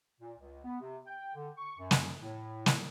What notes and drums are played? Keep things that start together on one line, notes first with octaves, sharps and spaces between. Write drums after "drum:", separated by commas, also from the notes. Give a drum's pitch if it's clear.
A#2
C#2
B3
C3
G5
D3
C#6
F#2
drum: snare
A2
drum: snare